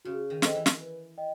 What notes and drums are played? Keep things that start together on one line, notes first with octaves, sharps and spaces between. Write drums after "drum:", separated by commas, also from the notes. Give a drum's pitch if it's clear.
C#3 F#4
D#3
A4 C5 D#5 G5, drum: snare
E3
drum: snare
B4
D#5 G5